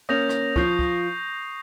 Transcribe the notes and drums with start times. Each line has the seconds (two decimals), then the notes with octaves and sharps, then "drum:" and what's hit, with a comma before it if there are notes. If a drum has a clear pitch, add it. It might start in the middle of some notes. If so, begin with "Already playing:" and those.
0.09 A#3 C#4 D#6 G6 A#6 F7
0.29 drum: rim click
0.56 F3 C#6 G6 C7, drum: kick
0.79 drum: kick